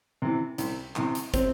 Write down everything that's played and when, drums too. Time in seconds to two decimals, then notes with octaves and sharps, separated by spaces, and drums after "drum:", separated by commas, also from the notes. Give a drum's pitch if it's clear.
0.22 C3 E3
0.58 C2, drum: hi-hat
0.96 C3 E3, drum: clap
1.15 drum: hi-hat
1.34 C4, drum: kick, hi-hat